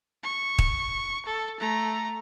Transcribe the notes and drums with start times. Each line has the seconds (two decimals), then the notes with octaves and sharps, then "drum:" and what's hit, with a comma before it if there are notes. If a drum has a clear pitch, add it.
0.23 C#6
0.58 drum: kick
1.25 A4
1.60 A3 A#5